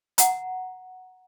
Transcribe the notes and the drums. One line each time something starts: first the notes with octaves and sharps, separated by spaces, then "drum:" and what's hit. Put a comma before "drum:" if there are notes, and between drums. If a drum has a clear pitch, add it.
F#5 A#5, drum: hi-hat